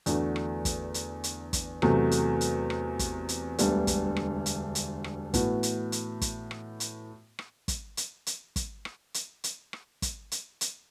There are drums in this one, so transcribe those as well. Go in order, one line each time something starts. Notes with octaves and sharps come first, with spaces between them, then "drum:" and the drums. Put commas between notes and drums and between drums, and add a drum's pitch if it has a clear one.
E2 D3 A3 D4 F#4, drum: hi-hat
drum: rim click
drum: kick, hi-hat
drum: hi-hat
drum: hi-hat
drum: kick, hi-hat
E2 C3 F#3 A3, drum: rim click
drum: hi-hat
drum: hi-hat
drum: rim click
drum: kick, hi-hat
drum: hi-hat
E1 D2 D3 G3 B3, drum: hi-hat
drum: kick, hi-hat
drum: rim click
drum: hi-hat
drum: hi-hat
drum: rim click
A2 E3 B3 F#4, drum: kick, hi-hat
drum: hi-hat
drum: hi-hat
drum: kick, hi-hat
drum: rim click
drum: hi-hat
drum: rim click
drum: kick, hi-hat
drum: hi-hat
drum: hi-hat
drum: kick, hi-hat
drum: rim click
drum: hi-hat
drum: hi-hat
drum: rim click
drum: kick, hi-hat
drum: hi-hat
drum: hi-hat